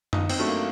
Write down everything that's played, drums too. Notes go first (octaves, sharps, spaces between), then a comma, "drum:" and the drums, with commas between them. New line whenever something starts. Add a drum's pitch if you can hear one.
G1 D#4, drum: tom F#2
C4, drum: cymbal
G2 F#3 A3
A#3